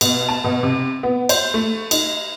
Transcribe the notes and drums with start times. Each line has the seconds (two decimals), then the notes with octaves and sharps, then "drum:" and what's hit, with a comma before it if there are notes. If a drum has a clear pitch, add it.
0.01 B2, drum: cymbal
0.29 A5
0.44 B2
0.63 C3
1.03 B3
1.29 C5, drum: cymbal
1.54 A3
1.91 D#4, drum: cymbal